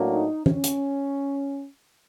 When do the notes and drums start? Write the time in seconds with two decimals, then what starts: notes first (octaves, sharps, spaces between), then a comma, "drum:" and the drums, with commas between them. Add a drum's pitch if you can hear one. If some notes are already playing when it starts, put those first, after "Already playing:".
Already playing: A2 F#3 A#3 D4 F#4
0.13 D#4
0.46 C#4, drum: tom E3
0.64 drum: hi-hat